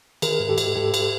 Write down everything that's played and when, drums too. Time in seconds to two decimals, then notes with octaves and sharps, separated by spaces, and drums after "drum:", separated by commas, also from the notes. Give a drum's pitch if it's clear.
0.22 D#3 G#4 A#4, drum: cymbal
0.40 G#2
0.49 G4 A4
0.58 G#2, drum: cymbal
0.75 G#2 G4 A4
0.94 G#2, drum: cymbal